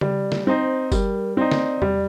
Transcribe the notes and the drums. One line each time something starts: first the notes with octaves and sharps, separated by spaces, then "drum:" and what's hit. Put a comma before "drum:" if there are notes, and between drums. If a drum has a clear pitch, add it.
G3 D5, drum: tom C#3
drum: snare
C4 D#4 C5
G3 A#4, drum: kick F#1, tambourine
C4 D#4 D5
drum: snare
G3, drum: tom E2